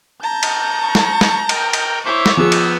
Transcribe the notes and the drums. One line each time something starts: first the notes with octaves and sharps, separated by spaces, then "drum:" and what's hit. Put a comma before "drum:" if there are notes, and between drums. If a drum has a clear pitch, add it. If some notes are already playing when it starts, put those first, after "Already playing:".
A5 A#5 G6
drum: cymbal
C#6
drum: snare
drum: snare
A#4 G5, drum: cymbal
drum: cymbal
E4 C5 C#5 E5 D6
drum: snare
F3 B3 G#4 E6
drum: cymbal